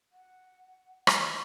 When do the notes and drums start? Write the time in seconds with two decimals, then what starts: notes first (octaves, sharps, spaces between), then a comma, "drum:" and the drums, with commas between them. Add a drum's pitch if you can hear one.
0.12 F#5
1.07 drum: rim click